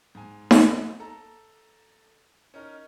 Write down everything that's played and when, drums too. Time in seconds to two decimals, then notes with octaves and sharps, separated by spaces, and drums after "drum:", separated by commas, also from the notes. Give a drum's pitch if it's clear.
0.15 G#2 G#5
0.51 drum: snare D#4
1.00 A4 A#5
2.54 C#4 D#4 A#4